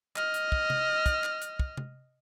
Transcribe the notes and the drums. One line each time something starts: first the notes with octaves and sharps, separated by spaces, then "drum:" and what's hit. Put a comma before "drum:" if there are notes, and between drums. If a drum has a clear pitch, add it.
D#5 F6, drum: clap
drum: hi-hat
drum: kick
drum: tom C3
drum: kick, hi-hat
drum: clap
drum: hi-hat
drum: kick
drum: tom C3